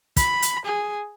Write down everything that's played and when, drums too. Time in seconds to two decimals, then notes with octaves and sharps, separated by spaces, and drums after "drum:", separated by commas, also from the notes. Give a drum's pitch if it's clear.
0.17 B5, drum: kick, hi-hat
0.42 drum: hi-hat
0.65 G#4